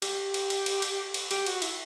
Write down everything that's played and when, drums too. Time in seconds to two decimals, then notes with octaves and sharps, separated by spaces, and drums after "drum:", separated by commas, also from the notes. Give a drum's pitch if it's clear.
0.02 G4, drum: cymbal
0.34 drum: cymbal
0.50 drum: cymbal
0.66 drum: cymbal
0.82 drum: cymbal
1.14 drum: cymbal
1.31 G4, drum: cymbal
1.46 F#4, drum: cymbal
1.62 E4, drum: cymbal